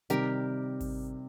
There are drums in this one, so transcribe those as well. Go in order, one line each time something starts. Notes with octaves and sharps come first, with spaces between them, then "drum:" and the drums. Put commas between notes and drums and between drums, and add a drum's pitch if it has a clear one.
C3 D#3 G3 G4 A#4, drum: hi-hat
drum: kick G#1, open hi-hat